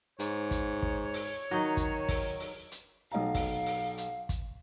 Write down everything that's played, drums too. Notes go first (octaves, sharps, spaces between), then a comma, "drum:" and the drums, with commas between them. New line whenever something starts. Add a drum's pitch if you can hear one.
G#2 C#5, drum: hi-hat
drum: kick, hi-hat
drum: kick
drum: open hi-hat
D#3 F#3 D#4
drum: kick, hi-hat
drum: kick, open hi-hat
drum: open hi-hat
drum: hi-hat
B1 D#5 F5 A#5
drum: kick, open hi-hat
drum: open hi-hat
drum: hi-hat
drum: kick, hi-hat